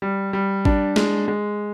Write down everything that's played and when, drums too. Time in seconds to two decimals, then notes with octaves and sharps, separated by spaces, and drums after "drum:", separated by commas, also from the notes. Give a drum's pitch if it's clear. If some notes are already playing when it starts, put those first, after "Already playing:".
0.02 G3
0.33 G3
0.65 D4, drum: kick G#1
0.96 G#3, drum: snare
1.28 G#3